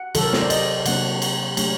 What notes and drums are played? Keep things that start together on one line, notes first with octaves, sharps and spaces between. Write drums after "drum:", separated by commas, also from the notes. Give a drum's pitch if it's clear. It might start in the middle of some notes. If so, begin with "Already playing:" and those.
Already playing: F#5
C3 D#3 F#3 A4, drum: cymbal
A#4
C5, drum: snare
D5
D#5, drum: cymbal
C3 F#3 A#3 D4 F#5, drum: cymbal
drum: cymbal
F#3 A3 D4, drum: cymbal